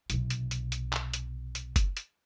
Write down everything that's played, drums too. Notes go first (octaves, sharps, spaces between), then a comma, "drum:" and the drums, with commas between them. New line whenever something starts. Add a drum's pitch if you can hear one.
B1 C3, drum: hi-hat
drum: hi-hat
drum: hi-hat
drum: hi-hat
drum: clap
drum: hi-hat
drum: hi-hat
drum: kick F#1, hi-hat
drum: hi-hat